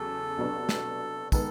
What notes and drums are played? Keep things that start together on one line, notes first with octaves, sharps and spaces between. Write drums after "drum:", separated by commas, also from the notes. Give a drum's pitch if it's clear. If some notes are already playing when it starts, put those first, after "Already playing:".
Already playing: E2 C#3 F#3 A4
C2 B2 F#3 B3 D4
drum: snare
D#3 G#3 B3 A4, drum: kick, tambourine